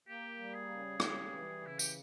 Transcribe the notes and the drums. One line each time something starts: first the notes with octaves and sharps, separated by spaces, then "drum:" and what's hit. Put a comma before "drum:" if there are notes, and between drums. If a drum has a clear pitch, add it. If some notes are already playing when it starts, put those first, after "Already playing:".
A#3 G4
G3
G#4
C#3
G3, drum: rim click
E3
C#3
E4
G4, drum: tambourine